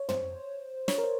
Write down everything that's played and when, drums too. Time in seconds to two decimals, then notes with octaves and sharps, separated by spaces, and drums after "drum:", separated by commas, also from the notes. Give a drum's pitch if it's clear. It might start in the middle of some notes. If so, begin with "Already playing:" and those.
Already playing: C#5
0.09 C5, drum: tom
0.88 C#5, drum: snare
0.98 A#4
1.04 C5